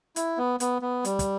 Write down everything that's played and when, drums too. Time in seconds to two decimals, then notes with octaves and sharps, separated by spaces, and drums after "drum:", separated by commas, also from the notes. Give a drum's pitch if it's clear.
0.16 E4, drum: hi-hat
0.38 B3
0.60 B3, drum: hi-hat
0.82 B3
1.05 G3, drum: hi-hat
1.19 drum: kick, hi-hat